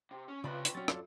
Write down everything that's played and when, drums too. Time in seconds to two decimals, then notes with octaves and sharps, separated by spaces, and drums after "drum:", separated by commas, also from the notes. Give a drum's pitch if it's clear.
0.11 C3
0.28 C#4
0.44 C#3 C4 F4 B4 D5 B5
0.65 drum: hi-hat
0.75 F#3 C#4 A6
0.88 F4 A4 D5, drum: rim click